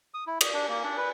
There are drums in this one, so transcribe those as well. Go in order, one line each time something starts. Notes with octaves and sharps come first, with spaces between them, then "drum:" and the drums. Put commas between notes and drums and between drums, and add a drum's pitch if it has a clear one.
D#6
E4
D#6, drum: cymbal
D4
A#3
D4
B4